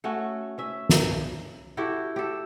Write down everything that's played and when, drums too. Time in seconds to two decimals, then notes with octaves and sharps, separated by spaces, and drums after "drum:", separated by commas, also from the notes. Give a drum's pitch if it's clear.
0.04 A3 C#4 F#4
0.58 C#4 E5
0.89 drum: snare
1.77 E4 F#4 G4 A4
2.16 G4 A4